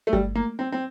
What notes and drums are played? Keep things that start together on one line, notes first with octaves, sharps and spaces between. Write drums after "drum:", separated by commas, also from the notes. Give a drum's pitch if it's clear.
A3
G3, drum: kick G1
A#3, drum: tom A3
C4
C4